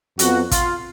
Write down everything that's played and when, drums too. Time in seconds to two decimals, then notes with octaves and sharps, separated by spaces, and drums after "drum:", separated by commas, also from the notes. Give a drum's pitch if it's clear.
0.19 F2 F3 B3 F#4, drum: hi-hat
0.51 F4, drum: kick, hi-hat